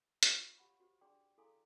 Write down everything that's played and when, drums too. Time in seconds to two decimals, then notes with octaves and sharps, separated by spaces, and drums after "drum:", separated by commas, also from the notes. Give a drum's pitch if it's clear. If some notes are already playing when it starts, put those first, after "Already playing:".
0.23 C#5 F5 B5 C#6 D6, drum: hi-hat
0.38 F4
0.58 G4 F#5 B5
0.80 F#4 G4 C5
1.01 D4 G#4 D5 G5 C6
1.38 E4 G#4 A4 F5 G#5 C6